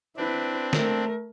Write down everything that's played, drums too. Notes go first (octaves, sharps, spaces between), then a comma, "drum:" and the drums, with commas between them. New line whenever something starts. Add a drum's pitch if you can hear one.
C4 D4 E4 B4
A3 A#4, drum: snare